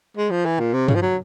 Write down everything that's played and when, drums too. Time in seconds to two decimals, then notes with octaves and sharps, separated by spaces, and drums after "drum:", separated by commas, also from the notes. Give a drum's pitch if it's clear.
0.17 G#3
0.31 F3
0.46 E3
0.60 A#2
0.74 C3
0.88 C#3, drum: tom G2
0.95 F3
1.02 F#3